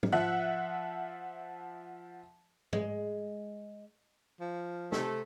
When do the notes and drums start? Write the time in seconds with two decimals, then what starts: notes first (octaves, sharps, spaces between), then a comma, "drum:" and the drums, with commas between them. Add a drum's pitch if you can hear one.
0.03 drum: tom G#2
0.12 F3 E5 F#5 F#6
2.73 G#3, drum: tom G#2
4.40 F3
4.92 C3 A3, drum: snare